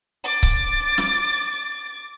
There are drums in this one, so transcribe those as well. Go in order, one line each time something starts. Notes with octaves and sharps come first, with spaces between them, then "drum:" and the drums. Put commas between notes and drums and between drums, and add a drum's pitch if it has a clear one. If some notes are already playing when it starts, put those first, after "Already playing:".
D6 A6
drum: kick C#1
drum: snare